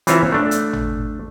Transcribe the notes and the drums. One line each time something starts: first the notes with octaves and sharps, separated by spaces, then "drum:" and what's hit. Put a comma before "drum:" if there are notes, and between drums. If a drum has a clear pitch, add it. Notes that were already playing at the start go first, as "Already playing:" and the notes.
E3 C4 F4 C#5 E5 A#5, drum: hi-hat
A3 D4
drum: hi-hat
drum: tom G#1